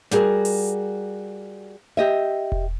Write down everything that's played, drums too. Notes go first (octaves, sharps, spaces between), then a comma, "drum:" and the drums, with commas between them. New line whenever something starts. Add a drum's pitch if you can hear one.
G3 F#4 G#4 A#4, drum: snare
drum: open hi-hat
G4 D#5 E5
drum: kick E1